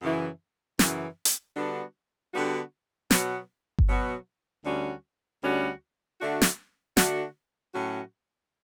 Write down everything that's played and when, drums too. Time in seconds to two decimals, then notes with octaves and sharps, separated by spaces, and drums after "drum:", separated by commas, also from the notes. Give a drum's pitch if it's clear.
0.02 F#2 C#3 E3
0.79 F#2 C#3 E3, drum: snare
1.25 drum: hi-hat
1.56 D3 G3 B3 D4 F#4
2.33 D3 G3 B3 D4 F#4
3.11 B2 F#3 B3 F#4, drum: snare
3.79 drum: kick G1
3.89 B2 F#3 B3 F#4
4.65 D2 D3 G3 C#4 F#4
5.43 D2 D3 G3 C#4 F#4
6.20 D3 A3 D4 F#4
6.42 drum: snare
6.97 D3 A3 D4 F#4, drum: snare
7.74 A2 F#3 C#4 F#4